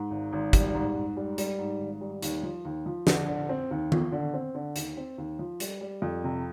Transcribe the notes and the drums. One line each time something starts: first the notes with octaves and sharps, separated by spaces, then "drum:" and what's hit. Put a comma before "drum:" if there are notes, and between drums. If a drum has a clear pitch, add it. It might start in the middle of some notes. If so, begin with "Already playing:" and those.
Already playing: G#2
G#1
G#1
G3, drum: kick, hi-hat
G#2
G#2
G3
G3, drum: hi-hat
G#2
G#1
G3
D#2, drum: hi-hat
F3
D#2
F3
D3, drum: snare
D3
C4
D#2
F3, drum: tom D#3
D3
C4
D3
D#2, drum: hi-hat
C4
D#2
F3
G3, drum: hi-hat
G3
F2
C3